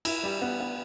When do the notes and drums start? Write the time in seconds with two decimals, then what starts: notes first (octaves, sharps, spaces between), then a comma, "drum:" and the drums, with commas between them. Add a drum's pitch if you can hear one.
0.05 E4, drum: cymbal
0.23 G3
0.42 B3
0.60 B3